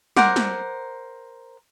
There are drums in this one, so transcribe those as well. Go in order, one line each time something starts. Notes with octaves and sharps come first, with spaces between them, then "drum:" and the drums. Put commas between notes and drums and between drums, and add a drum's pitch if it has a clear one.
A#4 C5 F#5 D6, drum: snare
drum: snare